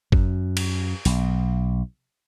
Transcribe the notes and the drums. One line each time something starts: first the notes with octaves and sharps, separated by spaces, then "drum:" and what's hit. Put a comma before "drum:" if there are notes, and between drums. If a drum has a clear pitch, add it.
F#2, drum: kick G1
drum: cymbal
B1, drum: open hi-hat